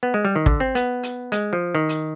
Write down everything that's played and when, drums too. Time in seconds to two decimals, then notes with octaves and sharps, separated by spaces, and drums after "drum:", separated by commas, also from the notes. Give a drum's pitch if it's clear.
0.03 B3
0.14 G#3
0.25 G3
0.36 D#3
0.46 D3, drum: kick
0.60 C4
0.75 B3, drum: hi-hat
1.03 drum: hi-hat
1.32 G#3, drum: hi-hat
1.53 F3
1.75 D#3
1.89 drum: hi-hat